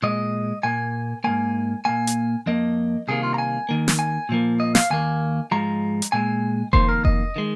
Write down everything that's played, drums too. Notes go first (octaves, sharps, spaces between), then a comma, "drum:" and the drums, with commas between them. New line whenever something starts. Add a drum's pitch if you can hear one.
A#2 G#3 D#5
A#2 A#3 G#5
G#2 D#3 A#3 G#5
A#2 A#3 G#5
drum: hi-hat
F2 F3 A#3 D#5
C2 C3 D#3 A#3 G#4
F4
A#5
G#5
D#2 D#3 A#3
drum: snare
G#5
A#2 F3 A#3
D#5
F5, drum: snare
D#2 D#3 A#3 G#5
G#2 F3 G#3 A#5
drum: hi-hat
A#2 G#3 G#5
F2 D#3 A#3 C5, drum: kick F1
A#4
D#5, drum: kick F1
D#3 G#3